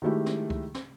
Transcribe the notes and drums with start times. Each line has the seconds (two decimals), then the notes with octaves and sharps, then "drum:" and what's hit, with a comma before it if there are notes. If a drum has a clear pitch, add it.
0.02 D#3 F#3 G#3 A3 E4 G4
0.26 drum: snare
0.50 drum: kick C#2
0.74 drum: snare